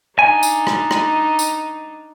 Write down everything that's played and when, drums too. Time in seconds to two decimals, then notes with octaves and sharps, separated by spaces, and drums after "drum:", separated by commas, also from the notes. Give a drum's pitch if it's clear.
0.19 D4 D#4 G#5
0.43 drum: tambourine
0.67 drum: rim click
0.91 drum: rim click
1.39 drum: tambourine